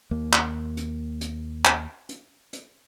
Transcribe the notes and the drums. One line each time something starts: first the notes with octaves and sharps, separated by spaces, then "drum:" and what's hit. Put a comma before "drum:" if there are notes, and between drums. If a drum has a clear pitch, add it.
D#2 A#3
drum: clap
drum: hi-hat
drum: hi-hat
drum: clap
drum: hi-hat
drum: hi-hat